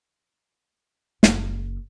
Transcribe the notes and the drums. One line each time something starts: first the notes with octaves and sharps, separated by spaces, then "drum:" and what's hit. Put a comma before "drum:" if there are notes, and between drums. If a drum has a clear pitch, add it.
F#1, drum: snare